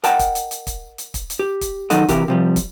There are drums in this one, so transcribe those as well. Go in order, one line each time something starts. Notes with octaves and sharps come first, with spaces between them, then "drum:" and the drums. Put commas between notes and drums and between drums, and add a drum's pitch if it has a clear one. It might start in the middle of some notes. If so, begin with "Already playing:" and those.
A#4 D#5 F#5 G5 A5, drum: hi-hat
drum: kick, hi-hat
drum: hi-hat
drum: hi-hat
drum: kick, hi-hat
drum: hi-hat
drum: kick, hi-hat
drum: hi-hat
G4
drum: kick, hi-hat
D#3 F#3 D#4 A4 D#5 F#5, drum: hi-hat
C3 E3 G4 A#4, drum: kick, hi-hat
C3 F3 G3
drum: kick, hi-hat